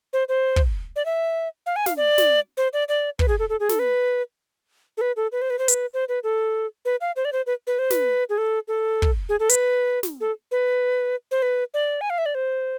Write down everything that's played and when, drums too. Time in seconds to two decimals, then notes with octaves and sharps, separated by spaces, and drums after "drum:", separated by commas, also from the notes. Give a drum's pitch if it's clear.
0.13 C5
0.29 C5
0.56 drum: kick
0.96 D5
1.06 E5
1.66 F5
1.76 G#5
1.86 F5, drum: snare
1.97 D5
2.18 drum: snare
2.57 C5
2.73 D5
2.89 D5
3.19 B4, drum: kick
3.28 G#4
3.39 A4
3.49 A4
3.60 G#4
3.69 A4, drum: snare
3.79 B4
4.97 A4
5.01 B4
5.17 A4
5.32 B4
5.42 C5
5.50 B4
5.59 C5
5.68 B4, drum: hi-hat
5.94 C5
6.09 B4
6.24 A4
6.85 B4
7.01 F5
7.16 C5
7.25 D5
7.33 C5
7.46 B4
7.67 B4
7.79 C5
7.90 B4, drum: snare
8.29 G#4
8.38 A4
8.68 A4
9.02 drum: kick
9.29 G#4
9.40 A4
9.49 B4, drum: hi-hat
10.03 drum: snare
10.21 A4
10.51 B4
11.31 C5
11.42 B4
11.74 D5
12.01 G#5
12.10 F5
12.18 E5
12.26 D5
12.35 C5